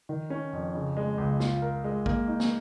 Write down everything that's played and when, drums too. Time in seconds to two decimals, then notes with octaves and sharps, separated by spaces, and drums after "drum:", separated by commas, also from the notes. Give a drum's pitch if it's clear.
0.09 D#3
0.30 C#4
0.53 F2
0.75 C#3
0.97 G#3
1.18 C#2
1.40 F4, drum: snare
1.62 A#4
1.84 G#3
2.06 A#3, drum: kick
2.28 D#4
2.40 drum: snare